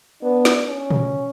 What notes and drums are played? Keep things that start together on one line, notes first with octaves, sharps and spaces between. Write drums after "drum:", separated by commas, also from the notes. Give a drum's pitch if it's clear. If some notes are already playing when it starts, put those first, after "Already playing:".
B3 D4
drum: snare
C#4
drum: tom A#2